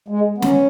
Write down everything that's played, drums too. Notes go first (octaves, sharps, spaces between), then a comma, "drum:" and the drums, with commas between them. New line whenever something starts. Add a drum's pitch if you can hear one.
G#3
B3
C#4, drum: snare